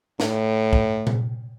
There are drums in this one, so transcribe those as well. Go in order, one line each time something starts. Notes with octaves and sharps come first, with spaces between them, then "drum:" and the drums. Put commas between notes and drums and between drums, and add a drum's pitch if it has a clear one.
A2, drum: snare
drum: kick
drum: tom A#2